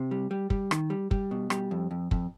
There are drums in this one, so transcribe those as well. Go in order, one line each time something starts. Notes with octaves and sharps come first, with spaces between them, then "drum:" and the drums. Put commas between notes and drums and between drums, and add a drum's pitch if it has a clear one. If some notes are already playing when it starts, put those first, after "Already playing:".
Already playing: C3
G3
G3
G3, drum: kick
D#3, drum: rim click
G3
G3, drum: kick
B2
G3, drum: rim click
F2
F2
F2, drum: kick